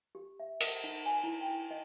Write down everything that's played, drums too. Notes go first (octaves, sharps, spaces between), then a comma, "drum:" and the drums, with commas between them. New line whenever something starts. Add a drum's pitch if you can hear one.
G4
E5
A#4, drum: cymbal
D#4
G#5
E4
G5
D#5